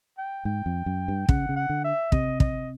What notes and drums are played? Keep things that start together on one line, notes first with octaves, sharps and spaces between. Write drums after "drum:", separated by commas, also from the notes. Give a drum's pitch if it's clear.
G5
G#2 G5
F2
F#2
G2
C#3 F#5, drum: kick
C#3
F#5
D3
E5
C3 D#5, drum: kick
D#5, drum: kick